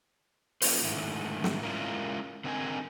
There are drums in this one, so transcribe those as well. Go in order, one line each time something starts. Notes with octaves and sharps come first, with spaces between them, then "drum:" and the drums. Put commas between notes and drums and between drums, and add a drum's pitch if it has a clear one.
A#3 C#4 D4 F4 A4 C5, drum: open hi-hat
G#2 D3 D#3 A3 E4
drum: snare
G#3 C#4 E4 F4 A#4
D3 C4 D#4 A#4 F#5 G#5